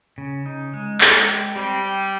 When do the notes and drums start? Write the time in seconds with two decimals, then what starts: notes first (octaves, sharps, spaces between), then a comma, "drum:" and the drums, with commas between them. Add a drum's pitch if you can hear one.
0.18 C#3
0.46 D#4
0.74 G#3
1.01 G#3, drum: clap
1.28 G4
1.56 G3 C4